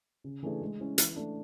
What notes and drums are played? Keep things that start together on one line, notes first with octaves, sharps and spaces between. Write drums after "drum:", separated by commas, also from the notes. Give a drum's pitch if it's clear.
C#3
E3 A3 D4 G#4
G#3
C#4 E4
E3, drum: hi-hat
A3 D4